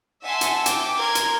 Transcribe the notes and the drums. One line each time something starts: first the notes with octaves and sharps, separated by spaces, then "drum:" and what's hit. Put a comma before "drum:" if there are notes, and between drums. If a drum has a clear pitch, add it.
E5 F#5 G#5 A5 C6
drum: hi-hat
G5 D6, drum: hi-hat
A#4 C6 G#6
drum: hi-hat